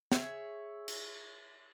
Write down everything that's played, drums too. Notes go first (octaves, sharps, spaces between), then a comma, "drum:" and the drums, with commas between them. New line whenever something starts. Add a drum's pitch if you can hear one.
G#4 C#5 E5, drum: snare
drum: cymbal